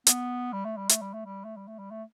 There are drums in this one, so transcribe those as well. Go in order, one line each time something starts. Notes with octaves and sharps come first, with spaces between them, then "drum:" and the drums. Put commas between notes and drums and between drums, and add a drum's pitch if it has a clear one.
B3, drum: hi-hat
G3
A3
G3
A3, drum: hi-hat
G3
A3
G3
A3
G3
A3
G3
A3